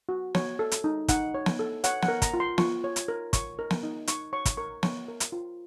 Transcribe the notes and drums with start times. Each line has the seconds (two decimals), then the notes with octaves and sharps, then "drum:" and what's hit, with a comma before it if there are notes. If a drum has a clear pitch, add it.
0.09 F#4
0.35 C#5, drum: snare
0.59 A4
0.72 drum: hi-hat
0.84 D#4
1.08 D#4 F#5, drum: kick, hi-hat
1.34 C#5
1.46 drum: snare
1.59 A4
1.84 C#5 F#5, drum: hi-hat
2.03 F#5, drum: snare
2.08 A#4
2.22 A#5, drum: kick, hi-hat
2.34 F4
2.40 C6
2.58 F4 C#6, drum: snare
2.84 C#5
2.96 drum: hi-hat
3.08 A#4
3.33 C#5 C#6, drum: kick, hi-hat
3.59 A#4
3.71 drum: snare
3.83 D#4
4.07 D#4 C#6, drum: hi-hat
4.33 C#5 C#6
4.45 drum: kick, hi-hat
4.57 A#4 C#6
4.83 C#5 C#6, drum: snare
5.08 A#4
5.20 drum: hi-hat
5.32 F4